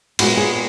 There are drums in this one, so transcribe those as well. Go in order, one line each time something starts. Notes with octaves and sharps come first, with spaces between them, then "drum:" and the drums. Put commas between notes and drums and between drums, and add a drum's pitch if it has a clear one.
A#2 G#3 B3 F#4, drum: cymbal
G#4